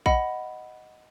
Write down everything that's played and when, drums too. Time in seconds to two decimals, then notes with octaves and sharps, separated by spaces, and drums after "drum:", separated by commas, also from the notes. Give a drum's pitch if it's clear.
0.06 D#5 F#5 B5, drum: kick A#1